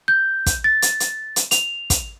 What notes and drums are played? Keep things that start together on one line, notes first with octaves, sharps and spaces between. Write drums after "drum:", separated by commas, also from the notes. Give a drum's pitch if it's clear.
G6
drum: kick, hi-hat
A6
drum: hi-hat
drum: hi-hat
drum: hi-hat
F7, drum: hi-hat
drum: kick, hi-hat